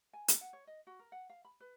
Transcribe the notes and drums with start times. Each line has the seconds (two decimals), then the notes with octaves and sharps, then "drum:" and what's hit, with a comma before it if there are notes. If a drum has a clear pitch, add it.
0.13 G#5
0.28 A#4, drum: hi-hat
0.41 F#5
0.53 C#5
0.67 D#5
0.87 F#4
0.99 A#4
1.12 F#5
1.30 F5
1.45 B5
1.60 B4